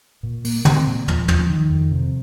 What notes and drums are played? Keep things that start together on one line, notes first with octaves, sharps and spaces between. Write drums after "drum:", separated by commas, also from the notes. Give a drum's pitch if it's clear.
A#2
A#3, drum: open hi-hat
C4, drum: tom
A#2
F3, drum: tom
F3, drum: tom
D#3
F2
C3